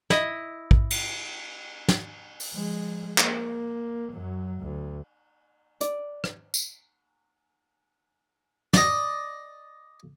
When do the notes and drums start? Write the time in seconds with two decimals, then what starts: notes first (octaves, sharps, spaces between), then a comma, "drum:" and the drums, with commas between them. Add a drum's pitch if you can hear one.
0.10 E4 D#5, drum: snare
0.71 drum: kick
0.90 drum: cymbal
1.88 drum: snare
2.40 drum: open hi-hat
2.53 F3 G#3
3.18 A#3, drum: clap
4.12 F#2 F#3
4.59 D2
5.81 D5, drum: hi-hat
6.24 drum: rim click
6.54 drum: tambourine
8.73 D5 D#5, drum: snare